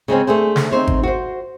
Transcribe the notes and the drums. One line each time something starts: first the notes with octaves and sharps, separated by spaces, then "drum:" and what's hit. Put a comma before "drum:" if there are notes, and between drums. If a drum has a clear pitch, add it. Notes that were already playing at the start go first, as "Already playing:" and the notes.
C#3 G#3 C4 C#4
A3 D4 G#4 C5
drum: snare
C4 D#4 C5 C#5
drum: kick G#1
F#4 C5